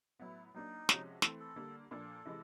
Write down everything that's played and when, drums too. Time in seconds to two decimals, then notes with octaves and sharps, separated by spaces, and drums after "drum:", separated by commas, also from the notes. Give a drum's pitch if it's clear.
0.20 A2 F#3 B3 E4
0.54 F#3 A#3 D4 D#4
0.89 C3 F3 G#3 C#4 F#4, drum: snare
1.22 E3 A3 C4 A4, drum: snare
1.40 A4
1.56 D3 G3 A#3
1.91 A#2 F3 A#3 D4 A4
2.25 C3 E3 G#3